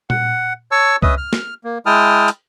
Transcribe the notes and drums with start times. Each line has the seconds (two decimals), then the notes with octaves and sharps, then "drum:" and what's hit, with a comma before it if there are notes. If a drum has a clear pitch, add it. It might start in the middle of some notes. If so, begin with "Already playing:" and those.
0.10 F#5, drum: tom A#2
0.71 C#5 A5 C#6 E6
1.02 C#4 B4 D#5 E5 D#6, drum: kick C#2
1.17 F6
1.33 drum: snare
1.64 A#3
1.86 G#3 E4 G5 A5 D#6 F6
2.28 drum: hi-hat